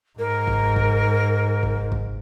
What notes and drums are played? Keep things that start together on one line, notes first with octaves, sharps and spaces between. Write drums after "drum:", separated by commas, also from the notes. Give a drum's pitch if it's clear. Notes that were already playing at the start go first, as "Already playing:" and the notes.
G#2 A#4
drum: kick
drum: kick
drum: kick
drum: kick